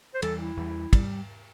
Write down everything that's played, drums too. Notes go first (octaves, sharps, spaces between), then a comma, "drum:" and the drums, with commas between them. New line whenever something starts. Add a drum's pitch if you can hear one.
C5
E2 E3 G3 A4, drum: cymbal
E4
E2 E3 G3
G3, drum: kick, cymbal